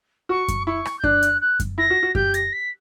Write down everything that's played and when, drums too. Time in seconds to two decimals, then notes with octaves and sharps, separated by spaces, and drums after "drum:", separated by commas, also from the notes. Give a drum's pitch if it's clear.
0.29 F#4 C#6
0.48 drum: kick F#2, hi-hat
0.67 E4 C#6
0.85 drum: rim click
0.99 G6
1.04 D4 F#6, drum: kick F#2
1.23 drum: hi-hat
1.41 F#6
1.60 drum: kick F#2, hi-hat
1.78 E4 A#6
1.90 F#4
2.03 F#4
2.15 G4 G6, drum: kick F#2
2.34 A#6, drum: hi-hat
2.52 B6